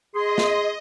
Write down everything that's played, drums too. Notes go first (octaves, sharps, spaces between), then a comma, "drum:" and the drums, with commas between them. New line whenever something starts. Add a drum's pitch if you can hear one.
G#4 D#5 C6
drum: snare